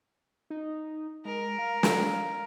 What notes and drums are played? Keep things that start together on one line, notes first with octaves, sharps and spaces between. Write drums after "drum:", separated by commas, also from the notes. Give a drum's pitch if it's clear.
D#4
G#3 A#4
F5
drum: snare